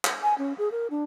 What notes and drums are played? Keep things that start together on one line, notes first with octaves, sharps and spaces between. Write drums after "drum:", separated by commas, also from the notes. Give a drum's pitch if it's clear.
drum: clap
G#5
C#4
G#4
A#4
D4